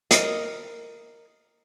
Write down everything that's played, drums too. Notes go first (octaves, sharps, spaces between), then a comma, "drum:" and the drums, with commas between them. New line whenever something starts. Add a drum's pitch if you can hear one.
A#4 D#5, drum: hi-hat